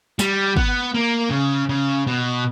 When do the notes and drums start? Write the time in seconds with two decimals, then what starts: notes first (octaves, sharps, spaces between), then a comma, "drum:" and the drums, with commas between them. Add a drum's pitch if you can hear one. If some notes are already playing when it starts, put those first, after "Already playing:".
0.19 G3, drum: snare
0.57 B3, drum: kick
0.94 A#3
1.31 C#3
1.70 C#3
2.07 B2